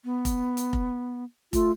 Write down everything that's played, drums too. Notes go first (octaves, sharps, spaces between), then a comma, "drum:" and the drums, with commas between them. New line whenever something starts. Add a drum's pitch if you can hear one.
B3
drum: kick F1, hi-hat
drum: hi-hat
drum: kick F1
A3 F4, drum: kick F1, hi-hat